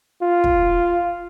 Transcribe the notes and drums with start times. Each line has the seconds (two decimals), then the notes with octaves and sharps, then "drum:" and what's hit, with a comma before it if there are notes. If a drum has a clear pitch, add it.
0.22 F4
0.44 drum: kick